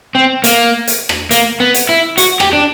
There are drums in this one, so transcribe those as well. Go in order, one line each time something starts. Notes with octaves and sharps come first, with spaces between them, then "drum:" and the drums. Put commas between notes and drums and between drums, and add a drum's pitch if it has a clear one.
C4
A#3, drum: hi-hat
drum: hi-hat
drum: rim click
A#3, drum: hi-hat
B3
drum: hi-hat
E4
F#4, drum: hi-hat
G4, drum: rim click
D4